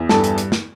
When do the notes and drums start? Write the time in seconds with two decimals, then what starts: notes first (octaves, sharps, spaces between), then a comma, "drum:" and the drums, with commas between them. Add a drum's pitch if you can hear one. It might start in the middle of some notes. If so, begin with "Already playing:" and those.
Already playing: E2
0.09 G2 A4 A5, drum: snare
0.24 drum: hi-hat
0.38 drum: hi-hat
0.52 drum: snare